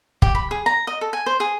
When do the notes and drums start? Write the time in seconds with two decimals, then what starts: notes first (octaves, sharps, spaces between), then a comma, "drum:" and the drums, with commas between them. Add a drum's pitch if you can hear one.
0.22 G4, drum: kick
0.35 B5
0.51 G#4
0.66 A#5
0.87 D#5
1.01 A4
1.13 G#5
1.26 C5
1.40 G#4